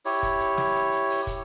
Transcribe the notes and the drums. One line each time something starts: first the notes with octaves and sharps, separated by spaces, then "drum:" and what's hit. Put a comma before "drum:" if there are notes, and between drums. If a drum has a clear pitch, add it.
E4 G4 C#5, drum: open hi-hat
drum: kick, hi-hat
drum: hi-hat
drum: snare
drum: hi-hat
drum: hi-hat
drum: open hi-hat
drum: kick, hi-hat